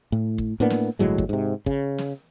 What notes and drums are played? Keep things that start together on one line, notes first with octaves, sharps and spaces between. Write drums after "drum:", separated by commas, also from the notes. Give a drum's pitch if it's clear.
A2
drum: kick
A2 A#3 B3 D4
drum: snare
G1 A2 F#3 G#3
drum: kick
G#2 C3
C#3, drum: kick
drum: snare